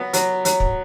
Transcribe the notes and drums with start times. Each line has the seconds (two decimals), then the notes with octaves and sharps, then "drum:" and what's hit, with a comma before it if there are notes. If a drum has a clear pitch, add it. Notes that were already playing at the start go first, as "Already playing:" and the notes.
Already playing: F#3 B3
0.13 F#3, drum: hi-hat
0.45 F#3, drum: hi-hat
0.60 drum: kick